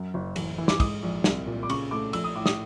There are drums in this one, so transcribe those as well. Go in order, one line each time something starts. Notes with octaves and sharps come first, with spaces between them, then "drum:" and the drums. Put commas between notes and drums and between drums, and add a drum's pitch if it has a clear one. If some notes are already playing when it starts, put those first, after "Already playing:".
Already playing: F#2
F#1
A1, drum: cymbal
E3
D6, drum: snare
G#2 D#6, drum: kick, cymbal
A#1
C2, drum: snare
A#2
D6
C#3 C#6, drum: cymbal
A3 D6
A#1 E6, drum: cymbal
D#6
A2 D6
D#6, drum: snare